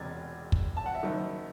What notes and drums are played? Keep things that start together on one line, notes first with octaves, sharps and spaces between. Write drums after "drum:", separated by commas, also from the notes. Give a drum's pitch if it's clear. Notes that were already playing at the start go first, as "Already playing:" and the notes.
Already playing: E1 E2 C3 G#6 A6
drum: kick
A5
F#5
E5
F#1 F#2 D#3